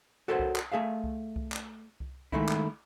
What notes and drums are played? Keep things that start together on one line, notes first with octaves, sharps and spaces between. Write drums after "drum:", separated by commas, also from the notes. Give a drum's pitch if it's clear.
F#4 A4 A#4 C5 C#5 F#5
drum: kick C2
drum: clap
A3 G#4 E5 F5
drum: kick C2
drum: kick C2
drum: clap
drum: kick C2
D#3 G#3 A3 D#4 E4, drum: kick C2
drum: clap